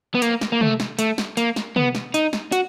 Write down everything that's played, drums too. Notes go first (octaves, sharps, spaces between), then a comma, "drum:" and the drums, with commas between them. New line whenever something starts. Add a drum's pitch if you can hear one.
B3
A#3, drum: hi-hat
drum: snare
A#3
A3, drum: tom
drum: snare
A3, drum: hi-hat
drum: snare
A#3, drum: hi-hat
drum: snare
B3, drum: tom
drum: snare
D#4, drum: hi-hat
drum: snare
F#4, drum: hi-hat